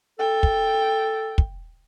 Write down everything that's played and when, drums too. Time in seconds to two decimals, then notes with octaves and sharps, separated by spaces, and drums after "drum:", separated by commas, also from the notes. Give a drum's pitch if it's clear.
0.19 A4 G5
0.43 drum: kick
1.38 drum: kick